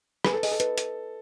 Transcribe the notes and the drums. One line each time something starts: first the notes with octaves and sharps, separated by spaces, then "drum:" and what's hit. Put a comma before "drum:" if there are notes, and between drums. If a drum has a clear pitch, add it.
G#4 B4, drum: rim click
A4
G#4 D#5, drum: open hi-hat
A4
B4, drum: hi-hat
drum: hi-hat